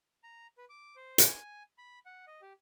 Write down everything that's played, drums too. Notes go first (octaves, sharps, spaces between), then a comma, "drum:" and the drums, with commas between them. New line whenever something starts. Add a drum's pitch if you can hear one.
A#5
B4
D6
C5
G#5, drum: hi-hat
B5
F#5
D#5
G4